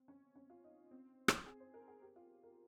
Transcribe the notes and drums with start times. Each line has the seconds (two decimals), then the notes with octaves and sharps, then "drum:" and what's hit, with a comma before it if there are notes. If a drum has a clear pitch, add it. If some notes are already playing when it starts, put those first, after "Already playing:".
Already playing: C4
0.08 C#4
0.36 C#4
0.50 F4
0.64 D#4
0.91 C4
1.28 drum: rim click
1.46 G#4
1.60 C5
1.74 A#4
1.88 G#4
2.02 G4
2.16 F4
2.43 A#4